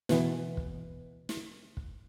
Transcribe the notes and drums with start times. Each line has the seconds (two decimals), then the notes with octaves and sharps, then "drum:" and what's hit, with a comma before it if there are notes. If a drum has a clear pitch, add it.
0.09 B2 E3 B3, drum: snare
0.57 drum: kick
1.29 drum: snare
1.77 drum: kick